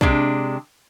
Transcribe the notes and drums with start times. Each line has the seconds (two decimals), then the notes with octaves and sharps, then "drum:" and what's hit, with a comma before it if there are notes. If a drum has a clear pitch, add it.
0.01 C3 G#3 D4, drum: kick